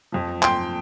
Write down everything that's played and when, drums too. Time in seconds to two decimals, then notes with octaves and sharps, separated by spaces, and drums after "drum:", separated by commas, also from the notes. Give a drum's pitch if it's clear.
0.12 F2 F3
0.43 G5 C6, drum: clap